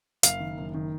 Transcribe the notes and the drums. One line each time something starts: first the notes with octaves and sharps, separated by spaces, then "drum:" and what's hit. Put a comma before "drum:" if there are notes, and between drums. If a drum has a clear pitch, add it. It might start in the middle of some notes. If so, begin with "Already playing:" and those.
F#1 F5, drum: hi-hat
D#3
F#1
D#3